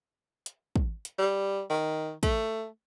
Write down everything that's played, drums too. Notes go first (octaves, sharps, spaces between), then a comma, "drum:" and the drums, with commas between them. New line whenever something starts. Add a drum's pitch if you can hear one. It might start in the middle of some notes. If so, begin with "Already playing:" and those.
drum: hi-hat
drum: kick
drum: hi-hat
G3
D#3
A3, drum: kick, hi-hat